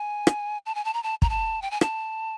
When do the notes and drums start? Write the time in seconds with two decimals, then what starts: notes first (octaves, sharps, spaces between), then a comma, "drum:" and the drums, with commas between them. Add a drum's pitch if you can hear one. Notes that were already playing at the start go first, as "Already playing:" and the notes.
Already playing: G#5
0.27 drum: rim click
0.66 A5
0.75 G#5
0.85 A5
0.94 A#5
1.03 A5
1.22 A#5, drum: kick
1.29 A5
1.62 G5
1.71 G#5
1.81 A5, drum: rim click